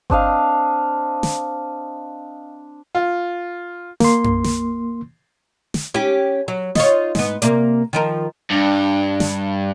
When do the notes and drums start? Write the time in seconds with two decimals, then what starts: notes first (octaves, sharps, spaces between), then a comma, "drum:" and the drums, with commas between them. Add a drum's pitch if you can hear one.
0.10 C4 D4 D#5 F5, drum: kick G1
1.23 drum: snare
2.95 F4
4.00 A#3 C6, drum: snare
4.24 drum: tom F#2
4.44 drum: snare
5.74 drum: snare
5.94 C#4 G4, drum: tom D#4
6.48 F#3
6.75 D#4 F4 C#5, drum: snare
7.15 G#2 B3, drum: snare
7.42 C3 A#3 D5, drum: hi-hat
7.93 D#3 F3 A#4
8.51 G2 D4
9.20 drum: snare